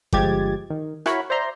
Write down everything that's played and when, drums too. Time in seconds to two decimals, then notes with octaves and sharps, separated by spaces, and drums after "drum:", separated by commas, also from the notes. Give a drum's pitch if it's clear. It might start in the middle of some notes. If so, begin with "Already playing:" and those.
0.13 G1 F3 G#3 G4 G#6 A6, drum: kick G1
0.70 D#3
1.06 E4 F#4 A#4 C#5 B5, drum: rim click
1.30 C5 D5 E5 A#5 C6